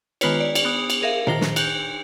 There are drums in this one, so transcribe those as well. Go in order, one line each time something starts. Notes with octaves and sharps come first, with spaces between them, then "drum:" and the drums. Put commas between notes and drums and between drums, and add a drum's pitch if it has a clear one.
D#3 G#3 B3 F4 B4 C#5, drum: cymbal
D5
drum: cymbal
B3 D#6
drum: cymbal
G#4 A#4 E5 F5
D#3 C5 A#6, drum: tom A#2
drum: snare
F#6 G6, drum: cymbal